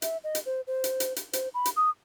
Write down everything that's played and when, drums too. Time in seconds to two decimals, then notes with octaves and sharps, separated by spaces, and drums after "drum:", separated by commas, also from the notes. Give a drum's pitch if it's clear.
0.02 E5, drum: hi-hat
0.24 D#5
0.35 drum: hi-hat
0.46 C5
0.67 C5
0.84 drum: hi-hat
1.00 drum: hi-hat
1.16 drum: hi-hat
1.33 C5, drum: hi-hat
1.54 B5
1.65 drum: hi-hat
1.76 D#6